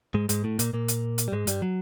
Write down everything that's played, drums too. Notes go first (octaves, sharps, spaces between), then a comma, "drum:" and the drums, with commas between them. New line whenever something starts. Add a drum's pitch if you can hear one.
G#2 G#3
G#2 G#3, drum: hi-hat
A2 A3
A#2 A#3, drum: hi-hat
A#2 A#3
drum: hi-hat
drum: hi-hat
G3
G#2 G#3
G2 G3, drum: hi-hat
F#3